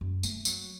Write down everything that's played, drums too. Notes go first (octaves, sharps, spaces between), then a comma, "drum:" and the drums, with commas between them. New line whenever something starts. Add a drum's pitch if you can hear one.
F#2
A3, drum: tambourine
F#3, drum: tambourine